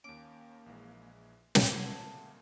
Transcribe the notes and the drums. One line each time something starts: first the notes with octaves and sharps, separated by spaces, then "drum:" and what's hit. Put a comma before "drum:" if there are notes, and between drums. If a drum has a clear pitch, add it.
D#2 A#3 C#4 D6
A#1 E3 G#3
A#2 C#3 G#3 C4, drum: snare
A3 F#4 G#5